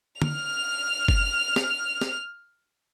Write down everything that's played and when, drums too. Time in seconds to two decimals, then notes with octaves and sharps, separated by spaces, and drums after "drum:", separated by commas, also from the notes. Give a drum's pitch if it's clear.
0.22 F6 F7, drum: tom
1.08 drum: kick G1
1.56 drum: snare
2.01 drum: snare